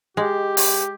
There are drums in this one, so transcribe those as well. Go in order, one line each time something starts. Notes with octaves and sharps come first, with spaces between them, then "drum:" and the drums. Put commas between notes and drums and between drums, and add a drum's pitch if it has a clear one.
G#3 G4
drum: open hi-hat